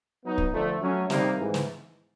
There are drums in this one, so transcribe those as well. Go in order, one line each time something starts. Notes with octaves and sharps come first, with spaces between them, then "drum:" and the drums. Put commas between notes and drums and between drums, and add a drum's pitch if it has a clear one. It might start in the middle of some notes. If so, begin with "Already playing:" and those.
F#3 B3 D#4
drum: kick
D3 F3 A3
F#3 A3 C#4
C3 D#3 G3 A#3 D#4, drum: snare
G#2 E3
drum: snare